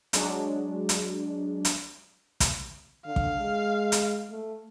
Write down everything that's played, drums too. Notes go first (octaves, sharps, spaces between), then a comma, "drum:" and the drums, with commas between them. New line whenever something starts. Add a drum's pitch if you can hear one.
F#3 G#3 D4, drum: hi-hat
drum: hi-hat
drum: hi-hat
drum: kick, hi-hat
D3 F5
drum: kick
G#3
drum: hi-hat
A3